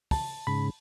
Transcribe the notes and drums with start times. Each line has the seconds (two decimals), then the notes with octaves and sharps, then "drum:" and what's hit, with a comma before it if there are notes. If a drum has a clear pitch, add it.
0.11 A5, drum: kick, open hi-hat
0.47 G#2 C#3 B5